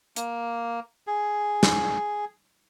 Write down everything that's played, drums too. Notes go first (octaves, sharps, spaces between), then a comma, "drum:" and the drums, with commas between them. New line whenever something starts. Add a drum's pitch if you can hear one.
A#3, drum: hi-hat
G#4
drum: snare